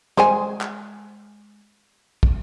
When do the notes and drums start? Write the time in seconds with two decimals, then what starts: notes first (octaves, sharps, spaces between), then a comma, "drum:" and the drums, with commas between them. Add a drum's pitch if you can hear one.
0.17 G#3 C5 G#5, drum: snare
0.61 drum: clap
2.23 drum: kick